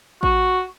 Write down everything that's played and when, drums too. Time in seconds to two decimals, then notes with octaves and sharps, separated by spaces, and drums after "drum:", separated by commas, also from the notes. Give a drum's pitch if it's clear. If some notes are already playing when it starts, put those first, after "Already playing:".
0.23 F#4, drum: kick A1